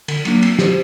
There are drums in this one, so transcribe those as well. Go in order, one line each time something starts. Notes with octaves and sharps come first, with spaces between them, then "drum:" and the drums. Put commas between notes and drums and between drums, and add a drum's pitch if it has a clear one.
D3, drum: cymbal
F#3 A#3 D4, drum: cymbal
C4, drum: cymbal
G4 C5, drum: snare